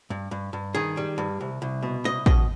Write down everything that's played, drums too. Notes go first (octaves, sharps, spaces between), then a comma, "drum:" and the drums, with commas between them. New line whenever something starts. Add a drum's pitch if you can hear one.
G2
G2
G2
D#3 G#4
G3
G2
C2
C2
B2
C2 D#5
B2 D#5, drum: kick